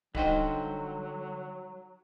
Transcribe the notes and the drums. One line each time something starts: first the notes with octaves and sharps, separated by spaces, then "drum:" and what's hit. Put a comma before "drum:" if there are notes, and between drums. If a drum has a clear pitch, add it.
D3 F#3 G3 D#4 F#4 C5 D#5 G5, drum: kick D1